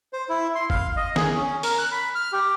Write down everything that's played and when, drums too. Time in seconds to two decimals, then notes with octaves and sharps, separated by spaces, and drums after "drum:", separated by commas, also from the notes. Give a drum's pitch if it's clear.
0.13 C5
0.29 E4
0.55 C6
0.70 F5, drum: kick G1
0.97 D#5
1.16 G#4, drum: snare
1.36 C#4
1.63 A#4, drum: open hi-hat
1.78 F#6
1.92 B5
2.15 F6
2.33 G4